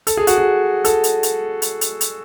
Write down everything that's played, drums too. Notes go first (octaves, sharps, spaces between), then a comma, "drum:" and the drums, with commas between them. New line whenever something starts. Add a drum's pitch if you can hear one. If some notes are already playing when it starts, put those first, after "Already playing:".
A4, drum: hi-hat
G#4
F#4, drum: hi-hat
G#4
A4, drum: hi-hat
drum: hi-hat
drum: hi-hat
drum: hi-hat
drum: hi-hat
drum: hi-hat